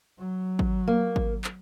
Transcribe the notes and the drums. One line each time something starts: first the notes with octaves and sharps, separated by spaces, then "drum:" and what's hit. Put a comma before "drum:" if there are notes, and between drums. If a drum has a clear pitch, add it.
F#3
drum: kick G#1
A#3
drum: kick G#1
drum: clap